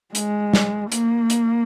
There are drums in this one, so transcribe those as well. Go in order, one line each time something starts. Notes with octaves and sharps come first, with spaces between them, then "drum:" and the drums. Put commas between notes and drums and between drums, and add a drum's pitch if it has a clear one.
G#3, drum: hi-hat
drum: snare
A#3, drum: hi-hat
drum: hi-hat